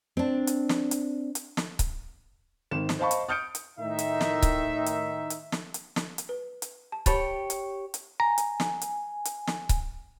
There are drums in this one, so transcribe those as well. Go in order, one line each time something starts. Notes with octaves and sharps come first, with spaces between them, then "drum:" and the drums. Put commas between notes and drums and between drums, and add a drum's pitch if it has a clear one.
C4 D4
drum: hi-hat
drum: snare
drum: hi-hat
drum: hi-hat
drum: snare
drum: kick C#1, hi-hat
G#1 D#3 E7
drum: snare
C5 D#5 F5 A5 B5 C#6
drum: hi-hat
D#6 F6 G6 C#7 D7
drum: hi-hat
A2 D#3 D#4 E5
drum: hi-hat
drum: snare
drum: kick C#1, hi-hat
drum: hi-hat
drum: hi-hat
drum: snare
drum: hi-hat
drum: snare
drum: hi-hat
B4
drum: hi-hat
A5
G4 C#5 A5 B5 A6, drum: kick C#1, hi-hat
drum: hi-hat
drum: hi-hat
G#5 A#5
drum: hi-hat
drum: snare
drum: hi-hat
drum: hi-hat
drum: snare
drum: kick C#1, hi-hat